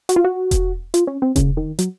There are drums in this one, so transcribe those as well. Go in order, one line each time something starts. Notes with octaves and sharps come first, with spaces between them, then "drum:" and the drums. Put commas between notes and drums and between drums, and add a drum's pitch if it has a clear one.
F#4, drum: hi-hat
F4
F#4
drum: kick E1, hi-hat
F4, drum: hi-hat
C#4
C4
C#3, drum: kick E1, hi-hat
D#3
F#3, drum: hi-hat